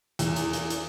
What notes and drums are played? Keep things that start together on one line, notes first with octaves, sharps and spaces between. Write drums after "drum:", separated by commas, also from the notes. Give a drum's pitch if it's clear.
E2, drum: hi-hat
drum: hi-hat
drum: hi-hat
drum: hi-hat